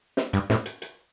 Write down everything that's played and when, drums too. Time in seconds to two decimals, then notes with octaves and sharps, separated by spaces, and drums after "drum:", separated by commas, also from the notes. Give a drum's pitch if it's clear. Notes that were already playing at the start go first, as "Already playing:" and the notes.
0.17 drum: snare
0.33 G2, drum: hi-hat
0.50 A2, drum: snare
0.66 drum: hi-hat
0.82 drum: hi-hat